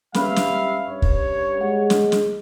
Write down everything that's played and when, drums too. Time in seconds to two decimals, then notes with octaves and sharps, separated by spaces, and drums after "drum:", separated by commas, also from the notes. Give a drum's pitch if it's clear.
0.14 G3 C#4 B4 E5 F5 B5, drum: snare
0.36 drum: snare
0.88 G2 C#5
1.02 drum: kick
1.61 G#3 F#5
1.90 drum: snare
2.12 drum: snare